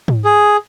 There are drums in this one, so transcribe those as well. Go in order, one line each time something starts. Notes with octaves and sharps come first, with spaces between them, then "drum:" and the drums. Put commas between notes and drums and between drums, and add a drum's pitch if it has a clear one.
drum: tom G#2
G#4